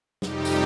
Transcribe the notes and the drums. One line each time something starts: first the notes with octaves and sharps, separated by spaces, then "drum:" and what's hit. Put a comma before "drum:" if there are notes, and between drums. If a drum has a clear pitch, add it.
F2 C3 G3 D#4 G4, drum: snare
drum: tambourine